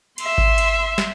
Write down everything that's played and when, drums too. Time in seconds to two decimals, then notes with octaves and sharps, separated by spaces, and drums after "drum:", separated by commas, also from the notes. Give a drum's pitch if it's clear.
0.18 E5 C6, drum: cymbal
0.38 drum: kick G#1
0.58 drum: cymbal
0.98 drum: snare